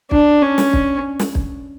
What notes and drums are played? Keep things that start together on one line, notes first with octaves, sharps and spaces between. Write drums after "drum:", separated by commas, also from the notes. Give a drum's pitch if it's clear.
D4, drum: kick
C#4
drum: snare
drum: kick
drum: snare
drum: kick